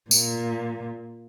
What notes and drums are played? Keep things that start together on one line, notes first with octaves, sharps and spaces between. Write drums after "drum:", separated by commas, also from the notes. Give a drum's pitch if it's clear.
A#2, drum: tambourine